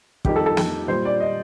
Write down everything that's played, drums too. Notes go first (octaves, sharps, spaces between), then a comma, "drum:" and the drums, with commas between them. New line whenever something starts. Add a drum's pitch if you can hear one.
F2 D#3 G3 G4, drum: kick
A4
A4
A4, drum: snare
A#2 G3 C5
D5
D#5